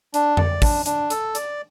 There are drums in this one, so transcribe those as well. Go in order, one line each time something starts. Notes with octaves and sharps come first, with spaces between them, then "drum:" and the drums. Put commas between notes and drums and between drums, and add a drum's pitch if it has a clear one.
D4, drum: hi-hat
D5, drum: tom F2
D4, drum: kick, open hi-hat
D4, drum: hi-hat
A4, drum: hi-hat
D5, drum: hi-hat